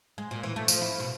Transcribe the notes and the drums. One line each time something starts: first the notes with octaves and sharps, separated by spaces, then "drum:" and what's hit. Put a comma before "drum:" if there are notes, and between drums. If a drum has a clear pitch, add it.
G#3
A#2
E3
A3
F3, drum: tambourine
E4
B2